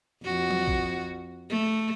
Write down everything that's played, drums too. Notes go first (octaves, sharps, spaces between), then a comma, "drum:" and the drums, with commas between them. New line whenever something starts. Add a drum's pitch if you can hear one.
F2 F#4
drum: tom F#3
drum: kick A1
A3